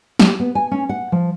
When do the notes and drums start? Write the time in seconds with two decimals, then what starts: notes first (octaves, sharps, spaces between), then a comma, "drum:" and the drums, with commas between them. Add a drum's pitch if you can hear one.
0.20 G4, drum: snare
0.40 B3
0.55 G#5
0.72 C#4
0.89 F#5
1.12 F3